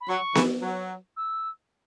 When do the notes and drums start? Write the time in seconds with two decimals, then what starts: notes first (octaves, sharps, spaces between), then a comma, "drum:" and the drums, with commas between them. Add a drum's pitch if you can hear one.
0.01 B5
0.08 F#3 C#6
0.35 E3, drum: snare B3
0.62 F#3
1.16 E6